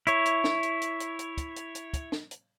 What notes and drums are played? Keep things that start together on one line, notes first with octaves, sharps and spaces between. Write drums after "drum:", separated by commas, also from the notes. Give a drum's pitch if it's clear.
E4 C#5, drum: hi-hat
drum: hi-hat
drum: snare
drum: hi-hat
drum: hi-hat
drum: hi-hat
drum: hi-hat
drum: kick, hi-hat
drum: hi-hat
drum: hi-hat
drum: kick, hi-hat
drum: snare
drum: hi-hat